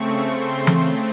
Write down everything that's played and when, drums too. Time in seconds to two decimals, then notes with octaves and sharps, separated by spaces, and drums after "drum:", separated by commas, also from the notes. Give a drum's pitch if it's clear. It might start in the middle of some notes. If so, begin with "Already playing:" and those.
Already playing: C#3 A3 C4 C#6
0.36 C6
0.67 drum: tom E3